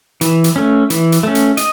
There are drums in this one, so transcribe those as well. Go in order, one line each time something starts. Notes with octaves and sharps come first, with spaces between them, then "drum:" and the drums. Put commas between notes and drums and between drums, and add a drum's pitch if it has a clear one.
E3, drum: hi-hat
drum: hi-hat
A3 C#4
E3, drum: hi-hat
drum: hi-hat
A3 C#4
drum: hi-hat
D#5, drum: hi-hat